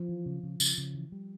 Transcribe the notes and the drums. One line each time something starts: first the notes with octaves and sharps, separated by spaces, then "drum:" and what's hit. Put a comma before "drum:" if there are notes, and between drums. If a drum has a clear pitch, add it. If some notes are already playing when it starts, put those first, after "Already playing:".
Already playing: F3
E3
C#3
C#3
C#3, drum: tambourine
C#3
E3
G3